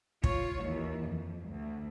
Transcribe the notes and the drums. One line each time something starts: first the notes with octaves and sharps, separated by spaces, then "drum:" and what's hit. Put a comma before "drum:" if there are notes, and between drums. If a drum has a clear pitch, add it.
F4 C#5, drum: kick
D#2 E3
F2
D2